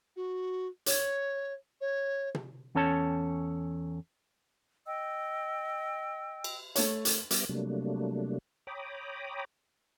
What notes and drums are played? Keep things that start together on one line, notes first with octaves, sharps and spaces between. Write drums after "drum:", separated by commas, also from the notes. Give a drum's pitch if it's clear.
F#4
C#5, drum: hi-hat
C#5
drum: tom
E2 C#4 A4 C#5 A5
D#5 G5 E6
drum: cymbal
A3 C#5, drum: hi-hat
drum: hi-hat
G3 B3 E5 D6 F6 A#6, drum: hi-hat
C3 F#3 G3 A3 A#3 D4
C#5 G5 A#5 B5 D6 D#6